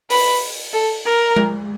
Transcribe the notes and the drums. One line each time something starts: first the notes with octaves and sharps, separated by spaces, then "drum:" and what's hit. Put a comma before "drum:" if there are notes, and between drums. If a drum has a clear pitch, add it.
B4, drum: open hi-hat
A4
A#4
drum: tom G#3